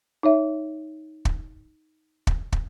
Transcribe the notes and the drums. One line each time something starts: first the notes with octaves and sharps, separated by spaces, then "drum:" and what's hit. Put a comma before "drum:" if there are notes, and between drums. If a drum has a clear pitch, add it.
D#4 C#5 E5
drum: kick
drum: kick
drum: kick